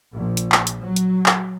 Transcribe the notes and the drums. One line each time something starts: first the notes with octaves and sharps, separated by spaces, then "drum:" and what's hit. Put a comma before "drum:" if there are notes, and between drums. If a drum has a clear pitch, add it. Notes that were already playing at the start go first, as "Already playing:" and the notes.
A#1
drum: hi-hat
drum: clap
drum: hi-hat
F#3
drum: hi-hat
drum: clap